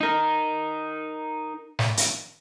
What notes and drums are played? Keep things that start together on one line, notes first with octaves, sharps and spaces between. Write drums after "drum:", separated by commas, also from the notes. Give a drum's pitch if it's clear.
D#4 A#4
drum: snare
drum: hi-hat